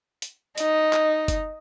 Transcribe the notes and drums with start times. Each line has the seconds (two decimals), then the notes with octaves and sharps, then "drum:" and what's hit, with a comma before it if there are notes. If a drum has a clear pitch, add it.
0.22 drum: hi-hat
0.58 D#4, drum: hi-hat
0.93 drum: clap
1.28 drum: kick F#1, hi-hat